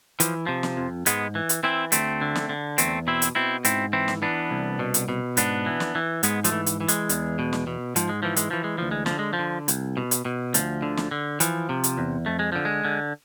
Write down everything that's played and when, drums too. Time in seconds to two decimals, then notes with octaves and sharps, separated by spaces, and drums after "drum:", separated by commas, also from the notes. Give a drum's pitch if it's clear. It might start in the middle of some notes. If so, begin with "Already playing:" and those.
0.20 E3 F3, drum: hi-hat
0.47 C3 F3
0.63 drum: snare
0.77 F2
1.06 G#2 G#3 B3, drum: hi-hat
1.35 E3
1.49 drum: hi-hat
1.63 E3 C4 E4
1.92 D2 A3 C4, drum: hi-hat
2.21 D3
2.35 drum: snare
2.49 D3
2.78 E2 A3 C4, drum: hi-hat
3.07 B2 C4 E4
3.22 drum: hi-hat
3.35 B2 C4 E4
3.65 G#2 C4 E4, drum: hi-hat
3.93 E3 C4 E4
4.08 drum: snare
4.22 E3 B3 D4
4.51 C2
4.79 B2
4.94 drum: hi-hat
5.09 B2
5.37 G#2 B3 D4, drum: hi-hat
5.66 E3
5.80 drum: snare
5.95 E3
6.23 G#2 G#3 B3, drum: hi-hat
6.44 F3 A3, drum: hi-hat
6.52 E3
6.66 drum: hi-hat
6.81 E3
6.88 G#3, drum: hi-hat
7.09 E2, drum: hi-hat
7.39 B2
7.53 drum: snare
7.67 B2
7.96 G#2 F3, drum: hi-hat
8.09 G#3
8.23 E3 F3
8.36 G#3, drum: hi-hat
8.51 E3 F3
8.64 G#3
8.78 D2 F3
8.91 G#3
9.06 D3 F3, drum: snare
9.19 G#3
9.33 F3
9.39 D3
9.68 C2, drum: hi-hat
9.97 B2
10.11 drum: hi-hat
10.25 B2
10.54 D2 F3, drum: hi-hat
10.82 D3
10.97 drum: snare
11.11 D3
11.40 E3 F3, drum: hi-hat
11.69 C3
11.84 drum: hi-hat
11.98 E2
12.26 F2 A3
12.39 G#3
12.52 D3 F3
12.65 G#3
12.85 D3